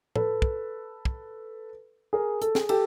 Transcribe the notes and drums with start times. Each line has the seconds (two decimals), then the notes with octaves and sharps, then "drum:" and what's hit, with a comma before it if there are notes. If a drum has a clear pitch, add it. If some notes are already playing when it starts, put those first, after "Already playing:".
0.16 A4 B4, drum: tom A2
0.42 drum: kick
1.05 drum: kick
2.13 G#4 A#4
2.42 A4, drum: hi-hat
2.55 G#4, drum: snare
2.69 G4 A4, drum: cymbal